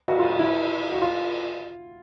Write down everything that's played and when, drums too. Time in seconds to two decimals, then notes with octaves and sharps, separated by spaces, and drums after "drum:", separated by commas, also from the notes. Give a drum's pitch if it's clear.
0.08 F#4, drum: cymbal
0.19 F4
0.39 E4
0.92 F#4
1.02 F4